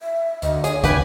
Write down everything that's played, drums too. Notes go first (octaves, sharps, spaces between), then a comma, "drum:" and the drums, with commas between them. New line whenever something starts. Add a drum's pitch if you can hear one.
E5
D2 D#5, drum: hi-hat
G#4 C#5, drum: hi-hat
C#2 D4 G4 B4 G#5, drum: kick, hi-hat